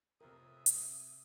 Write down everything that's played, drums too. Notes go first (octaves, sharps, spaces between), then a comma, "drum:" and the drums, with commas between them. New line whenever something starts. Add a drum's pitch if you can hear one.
F2 A2 C3 C4 G4 A#4 E5 D#6
drum: hi-hat